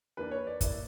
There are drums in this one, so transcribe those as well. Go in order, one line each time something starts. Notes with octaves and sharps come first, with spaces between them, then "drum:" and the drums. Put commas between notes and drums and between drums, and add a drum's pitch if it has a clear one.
E3 A#3 D4 B4
C#5
D5
E3 A#3 E4 D5, drum: kick, hi-hat